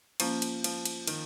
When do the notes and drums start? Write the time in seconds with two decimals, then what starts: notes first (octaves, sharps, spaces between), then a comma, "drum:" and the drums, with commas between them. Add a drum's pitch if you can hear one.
0.20 F3 A#3 C#4, drum: cymbal
0.42 drum: cymbal
0.64 F3, drum: cymbal
0.85 drum: cymbal
1.07 D#3, drum: cymbal